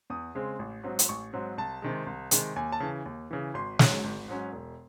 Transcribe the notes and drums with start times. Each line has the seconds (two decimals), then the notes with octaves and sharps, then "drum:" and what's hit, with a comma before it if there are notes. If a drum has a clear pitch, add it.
0.10 E2 D#6
0.35 C#3 G#3 C4
0.59 A1
0.83 G#2 F#3 C4
0.99 drum: hi-hat
1.09 A1 C#6
1.33 G#2 F#3 C4
1.58 C2 A5
1.82 C3 D#3 G#3
2.07 C2
2.31 C3 D#3 G#3, drum: hi-hat
2.56 D#2 G#5
2.72 A5
2.80 C#3 E3
3.06 D#2
3.31 C#3 E3
3.54 G#1 C6
3.79 G#2 F#3 C#4, drum: snare
4.04 G#1
4.28 G#2 F#3 C#4
4.52 E1